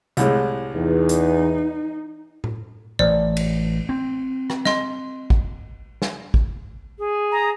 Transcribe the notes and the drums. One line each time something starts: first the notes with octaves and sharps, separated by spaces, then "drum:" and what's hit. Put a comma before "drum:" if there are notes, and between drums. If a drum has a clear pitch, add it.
C2 A2 G#3, drum: hi-hat
E2 D#4
drum: hi-hat
drum: tom A2
A1 C5 D5
drum: cymbal
C4
drum: rim click
D#5 C6, drum: snare
drum: kick A1
drum: snare
drum: kick A1
G#4
A#5